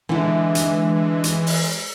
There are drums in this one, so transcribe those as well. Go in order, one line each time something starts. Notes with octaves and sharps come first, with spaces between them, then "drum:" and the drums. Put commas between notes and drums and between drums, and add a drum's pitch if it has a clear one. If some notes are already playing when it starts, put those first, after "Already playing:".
D3 E3 G#3 E4
drum: hi-hat
drum: hi-hat
drum: open hi-hat